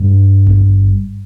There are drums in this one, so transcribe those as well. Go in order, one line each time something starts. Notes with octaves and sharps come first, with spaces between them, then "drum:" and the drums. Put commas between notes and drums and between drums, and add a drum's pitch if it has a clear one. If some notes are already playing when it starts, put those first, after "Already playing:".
Already playing: G2
drum: kick G#1